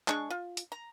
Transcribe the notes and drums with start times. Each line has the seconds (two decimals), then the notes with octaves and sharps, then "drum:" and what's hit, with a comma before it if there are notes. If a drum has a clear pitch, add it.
0.08 G#3 D4 G#4 C#6, drum: clap
0.30 F4
0.57 drum: hi-hat
0.72 A#5